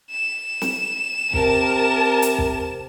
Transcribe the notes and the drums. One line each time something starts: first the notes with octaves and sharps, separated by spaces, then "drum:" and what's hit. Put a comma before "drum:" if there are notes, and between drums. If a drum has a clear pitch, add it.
E7
drum: snare
C3 A#4 A5, drum: kick
drum: hi-hat
drum: kick